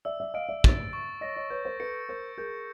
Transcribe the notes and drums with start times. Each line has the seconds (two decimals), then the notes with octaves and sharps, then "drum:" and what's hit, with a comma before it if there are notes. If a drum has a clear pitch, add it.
0.05 D5 E5 E6
0.20 D5 E5
0.34 D#5 F5 D7
0.49 D5 E5
0.64 A6, drum: kick
0.93 C#6
1.21 C#5 D#5 A#6
1.36 C#5 D#5
1.50 B4 C#5 G6
1.65 A#4 C5
1.80 A4 B4 C#7
2.09 A#4 C5 G6
2.38 G#4 A#4 G6